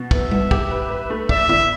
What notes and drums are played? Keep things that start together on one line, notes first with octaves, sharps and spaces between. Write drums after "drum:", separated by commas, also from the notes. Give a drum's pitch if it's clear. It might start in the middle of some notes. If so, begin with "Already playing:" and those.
Already playing: B2
B3 E5, drum: kick
B3, drum: tom G3
G4, drum: kick
B4
B4
A3
D5 E5, drum: kick
E4, drum: tom